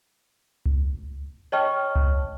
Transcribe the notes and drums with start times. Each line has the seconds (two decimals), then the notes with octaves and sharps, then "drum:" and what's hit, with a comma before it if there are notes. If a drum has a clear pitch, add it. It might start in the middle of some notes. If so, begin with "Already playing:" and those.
0.66 drum: kick C#2
1.52 C#5 D#5 G5 A5 C#6 F6
1.96 drum: kick C#2